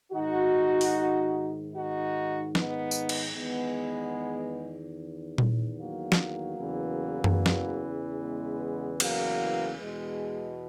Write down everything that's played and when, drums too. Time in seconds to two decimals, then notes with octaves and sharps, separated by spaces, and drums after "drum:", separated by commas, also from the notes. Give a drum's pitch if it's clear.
0.12 G#2 D#3 D#4 F#4
0.81 drum: open hi-hat
1.74 D#4 F#4
2.55 B3 D#4, drum: snare
2.91 drum: tambourine
3.09 drum: cymbal
3.35 E2 D#3 G#3 B3
5.38 drum: tom A#2
5.77 F#3 A#3
6.12 drum: snare
6.58 E2 C#3 E3
7.24 drum: tom F#2
7.46 drum: snare
8.20 G#3 B3
9.00 F#3 A#3, drum: cymbal
9.81 E2 B2 G#3